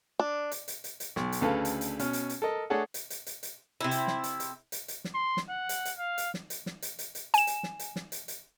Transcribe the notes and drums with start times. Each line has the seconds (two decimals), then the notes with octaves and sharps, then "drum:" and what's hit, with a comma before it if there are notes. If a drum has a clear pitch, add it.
0.20 D4
0.52 drum: hi-hat
0.68 drum: hi-hat
0.84 drum: hi-hat
1.00 drum: hi-hat
1.16 B1, drum: snare
1.32 drum: hi-hat
1.41 D2 C#3 A4 B4 F5
1.65 drum: hi-hat
1.81 drum: hi-hat
1.99 B2 C#4 F6, drum: hi-hat
2.13 drum: hi-hat
2.29 drum: hi-hat
2.42 A4 A#4 D#5
2.70 A3 D4 G#4 A4 C#5 F#5
2.94 drum: hi-hat
3.10 drum: hi-hat
3.27 drum: hi-hat
3.43 drum: hi-hat
3.81 C3 E4
3.91 drum: hi-hat
4.07 drum: snare
4.24 drum: hi-hat
4.40 drum: hi-hat
4.72 drum: hi-hat
4.88 drum: hi-hat
5.04 drum: snare
5.14 C6
5.37 drum: snare
5.49 F#5
5.69 drum: hi-hat
5.85 drum: hi-hat
5.98 F5
6.18 drum: hi-hat
6.34 drum: snare
6.50 drum: hi-hat
6.66 drum: snare
6.82 drum: hi-hat
6.99 drum: hi-hat
7.15 drum: hi-hat
7.34 G#5 E7, drum: hi-hat
7.47 drum: hi-hat
7.63 drum: snare
7.79 drum: hi-hat
7.96 drum: snare
8.12 drum: hi-hat
8.28 drum: hi-hat